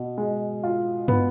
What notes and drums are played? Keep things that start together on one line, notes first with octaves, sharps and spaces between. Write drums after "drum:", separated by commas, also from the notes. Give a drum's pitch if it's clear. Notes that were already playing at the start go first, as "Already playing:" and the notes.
Already playing: B2
G#3
F4
B3, drum: tom